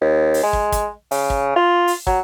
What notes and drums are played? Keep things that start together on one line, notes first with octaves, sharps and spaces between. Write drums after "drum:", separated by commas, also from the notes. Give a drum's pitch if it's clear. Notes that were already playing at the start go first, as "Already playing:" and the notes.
D#2
drum: open hi-hat
G#3
drum: kick
drum: kick, hi-hat
C#3, drum: open hi-hat
drum: kick
F4
drum: open hi-hat
F#3, drum: kick